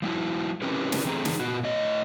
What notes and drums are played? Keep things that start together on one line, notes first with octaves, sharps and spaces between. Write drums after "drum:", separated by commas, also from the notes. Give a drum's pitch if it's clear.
F3 G3 E4 F#4
C4 C#4 E4 G4 A#4 B4
drum: snare
D3 E3 A3 C4 G#4 A#5
D#3 E3 D#4 G#4, drum: snare
A#2 B3 F#4
A2 C#5 D#5